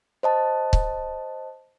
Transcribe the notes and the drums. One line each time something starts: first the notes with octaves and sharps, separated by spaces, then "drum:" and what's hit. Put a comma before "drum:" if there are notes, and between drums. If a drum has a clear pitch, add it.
C5 D#5 A5
drum: kick C#1